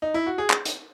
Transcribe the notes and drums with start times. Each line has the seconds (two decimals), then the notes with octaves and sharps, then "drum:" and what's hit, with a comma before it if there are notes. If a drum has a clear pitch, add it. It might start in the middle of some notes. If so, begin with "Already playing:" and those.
0.02 D#4
0.14 E4
0.26 F#4
0.38 G#4
0.50 drum: clap
0.65 drum: hi-hat